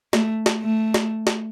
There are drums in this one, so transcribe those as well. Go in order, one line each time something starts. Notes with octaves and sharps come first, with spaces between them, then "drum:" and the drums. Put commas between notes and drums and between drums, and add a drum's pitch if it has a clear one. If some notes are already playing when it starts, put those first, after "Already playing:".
A3, drum: snare
drum: snare
A3
drum: snare
drum: snare